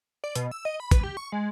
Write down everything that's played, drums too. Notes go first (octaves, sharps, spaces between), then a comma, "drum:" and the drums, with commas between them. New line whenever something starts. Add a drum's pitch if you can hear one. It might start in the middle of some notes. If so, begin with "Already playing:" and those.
D5
B2, drum: hi-hat
E6
D#5
B5
B4, drum: kick, hi-hat
G4
C#6
G#3